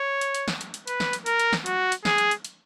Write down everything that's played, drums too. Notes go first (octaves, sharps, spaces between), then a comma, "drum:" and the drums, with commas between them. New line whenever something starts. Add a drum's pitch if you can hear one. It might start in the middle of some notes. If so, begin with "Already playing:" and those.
Already playing: C#5
drum: hi-hat
drum: hi-hat
drum: snare
drum: hi-hat
drum: hi-hat
B4, drum: hi-hat
drum: snare
drum: hi-hat
A#4, drum: hi-hat
drum: hi-hat
drum: snare
F#4, drum: hi-hat
drum: hi-hat
G#4, drum: snare
drum: hi-hat
drum: hi-hat
drum: hi-hat